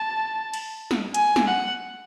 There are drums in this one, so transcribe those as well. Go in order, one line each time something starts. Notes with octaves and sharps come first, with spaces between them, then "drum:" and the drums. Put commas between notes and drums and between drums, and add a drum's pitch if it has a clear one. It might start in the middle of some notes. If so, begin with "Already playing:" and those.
Already playing: A5
drum: cymbal
drum: snare
G#5, drum: hi-hat
drum: snare
F#5